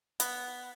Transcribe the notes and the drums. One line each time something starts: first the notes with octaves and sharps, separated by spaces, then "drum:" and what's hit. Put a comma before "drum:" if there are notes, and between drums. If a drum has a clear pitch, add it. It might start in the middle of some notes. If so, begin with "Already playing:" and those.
B3, drum: hi-hat